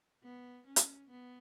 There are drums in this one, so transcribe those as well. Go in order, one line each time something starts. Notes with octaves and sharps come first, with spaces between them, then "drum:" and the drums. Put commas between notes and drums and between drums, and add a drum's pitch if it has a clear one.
B3
C#4
drum: hi-hat
B3